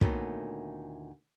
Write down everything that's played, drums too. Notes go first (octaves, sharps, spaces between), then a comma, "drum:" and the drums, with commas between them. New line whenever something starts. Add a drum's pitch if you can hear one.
D2 A#2 D#3 A3 B3 C#4, drum: kick